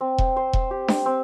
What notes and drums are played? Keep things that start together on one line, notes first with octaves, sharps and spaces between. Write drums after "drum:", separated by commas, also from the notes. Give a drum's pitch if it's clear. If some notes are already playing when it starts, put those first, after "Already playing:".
C4
drum: kick E1
C5
drum: kick E1
G4
drum: snare D4
C4